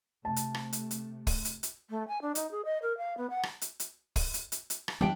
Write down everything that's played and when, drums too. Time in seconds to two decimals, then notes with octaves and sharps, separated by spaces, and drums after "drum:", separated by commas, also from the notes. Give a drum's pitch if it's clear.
0.25 C3 A3 A5
0.36 drum: hi-hat
0.54 drum: rim click
0.73 drum: hi-hat
0.91 drum: hi-hat
1.27 drum: kick, open hi-hat
1.45 drum: hi-hat
1.63 drum: hi-hat
1.90 A3
2.08 G#5
2.21 D4
2.35 D#4, drum: hi-hat
2.51 G#4
2.65 D#5
2.82 A#4
2.97 F5
3.17 B3
3.30 F#5
3.43 drum: rim click
3.61 drum: hi-hat
3.80 drum: hi-hat
4.16 drum: kick, open hi-hat
4.34 drum: hi-hat
4.52 drum: hi-hat
4.70 drum: hi-hat
4.88 drum: rim click
5.01 E3 G3 G#3 B3 D4 E5 G5